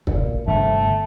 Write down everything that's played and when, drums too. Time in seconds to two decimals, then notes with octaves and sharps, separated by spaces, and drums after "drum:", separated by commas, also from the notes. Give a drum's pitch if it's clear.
0.07 A#2, drum: kick
0.47 G1 C3 A3